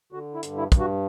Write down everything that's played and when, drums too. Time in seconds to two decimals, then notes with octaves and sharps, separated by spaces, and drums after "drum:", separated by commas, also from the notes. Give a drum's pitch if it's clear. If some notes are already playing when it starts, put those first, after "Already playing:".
0.12 D3 F#4
0.35 E4
0.43 G2, drum: hi-hat
0.57 E4
0.72 G2, drum: kick, hi-hat
0.79 F#4